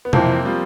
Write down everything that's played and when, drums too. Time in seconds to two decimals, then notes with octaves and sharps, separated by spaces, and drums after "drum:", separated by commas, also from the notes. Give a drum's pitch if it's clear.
0.05 B3
0.13 F2 C3 E3 A#3 C4, drum: tom B2
0.45 F3 G3